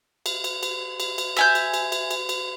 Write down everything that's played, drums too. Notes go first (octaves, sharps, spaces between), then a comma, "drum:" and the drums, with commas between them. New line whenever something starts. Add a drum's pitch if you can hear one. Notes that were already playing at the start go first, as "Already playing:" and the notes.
drum: cymbal
drum: cymbal
drum: cymbal
drum: cymbal
drum: cymbal
E5 G#5 G6, drum: cymbal
drum: cymbal
drum: cymbal
drum: cymbal
drum: cymbal
drum: cymbal